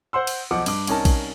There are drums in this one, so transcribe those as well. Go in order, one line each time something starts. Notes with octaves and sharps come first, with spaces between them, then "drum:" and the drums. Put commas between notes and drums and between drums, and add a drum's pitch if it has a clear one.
C5 F#5 C6 E6
drum: cymbal
B1 F3 F#5 D6
G2 D6, drum: cymbal
C2 C#4 D#4 A#4 A5, drum: cymbal
drum: kick A#1, cymbal